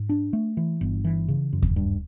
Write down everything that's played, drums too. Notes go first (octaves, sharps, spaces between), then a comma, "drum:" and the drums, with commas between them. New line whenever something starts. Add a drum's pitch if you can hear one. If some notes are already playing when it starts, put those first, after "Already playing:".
Already playing: G#2
D4
A3
E3
G1
E3
C#3
F#2
drum: kick D#2
G2